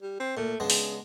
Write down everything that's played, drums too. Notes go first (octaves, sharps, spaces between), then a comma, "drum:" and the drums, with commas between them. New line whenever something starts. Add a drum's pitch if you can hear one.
G3
C4
A#2 A3
C#3 G#3 B3 D4
drum: open hi-hat